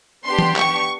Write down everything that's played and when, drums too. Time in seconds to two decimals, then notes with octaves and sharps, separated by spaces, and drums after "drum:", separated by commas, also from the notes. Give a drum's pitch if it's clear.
0.24 B3 D4 G4 C6
0.39 drum: tom
0.56 C#6, drum: clap